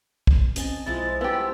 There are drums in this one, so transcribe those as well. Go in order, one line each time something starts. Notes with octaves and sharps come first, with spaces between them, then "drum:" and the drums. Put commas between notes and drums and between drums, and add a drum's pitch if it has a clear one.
drum: kick
C4 C#4 D#5 G#5 A5, drum: hi-hat
B1 F3 G#3 E4 D#6 A6
B3 C4 G4 E5 A5 B5 E6